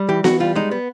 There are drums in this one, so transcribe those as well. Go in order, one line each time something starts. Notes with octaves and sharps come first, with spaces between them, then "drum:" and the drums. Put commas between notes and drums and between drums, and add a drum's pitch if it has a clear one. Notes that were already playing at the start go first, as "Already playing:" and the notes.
Already playing: G3
E3 G4
E3 F#4, drum: snare B3
G3 F4
G#3 D#4
B3